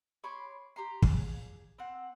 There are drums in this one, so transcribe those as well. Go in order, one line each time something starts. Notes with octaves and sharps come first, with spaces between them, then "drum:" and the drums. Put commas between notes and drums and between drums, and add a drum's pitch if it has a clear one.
C#5 B5 C6 D6
G4 A#5 C6
G#4, drum: kick
C4 F#5